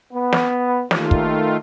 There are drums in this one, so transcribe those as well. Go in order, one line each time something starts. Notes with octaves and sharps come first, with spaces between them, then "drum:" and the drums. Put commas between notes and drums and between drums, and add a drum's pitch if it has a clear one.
B3
drum: snare
D#2 D#3 A3 F4, drum: snare
drum: kick